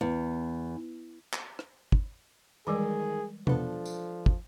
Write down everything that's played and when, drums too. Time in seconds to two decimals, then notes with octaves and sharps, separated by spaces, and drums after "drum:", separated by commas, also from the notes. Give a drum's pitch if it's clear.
0.01 E2
1.33 drum: clap
1.59 drum: rim click
1.92 drum: kick
2.67 D#3 E3 G3 G#3 G#4
3.47 E2 B2 F3 B3 D4 A4, drum: tom C3
3.85 drum: tambourine
4.26 drum: kick